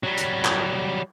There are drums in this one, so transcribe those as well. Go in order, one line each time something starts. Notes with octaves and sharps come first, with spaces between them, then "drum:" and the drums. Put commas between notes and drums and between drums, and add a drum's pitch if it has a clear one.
F#3 G3
drum: hi-hat
drum: clap